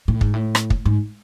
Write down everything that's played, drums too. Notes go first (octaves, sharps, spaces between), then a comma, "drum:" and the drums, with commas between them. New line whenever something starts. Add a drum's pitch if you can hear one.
A2
G#2, drum: kick
A2
drum: rim click
drum: kick
G#2